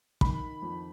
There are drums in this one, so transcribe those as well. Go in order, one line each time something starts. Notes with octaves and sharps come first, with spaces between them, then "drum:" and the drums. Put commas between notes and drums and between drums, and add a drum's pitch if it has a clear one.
D#3 B5, drum: kick
F2